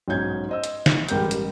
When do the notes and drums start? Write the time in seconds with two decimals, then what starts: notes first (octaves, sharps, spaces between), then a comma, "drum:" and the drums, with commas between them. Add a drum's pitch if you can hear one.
0.08 B1 G#2 C#4 G6 G#6
0.49 C5 D#5 E6
0.64 drum: hi-hat
0.86 drum: snare
1.09 A1 G3 G#3 G4 A#4 G6, drum: hi-hat
1.31 drum: hi-hat